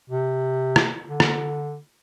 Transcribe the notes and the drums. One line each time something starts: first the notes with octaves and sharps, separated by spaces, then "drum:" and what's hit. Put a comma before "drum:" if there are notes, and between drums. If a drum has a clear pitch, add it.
C3
drum: rim click
D3
drum: rim click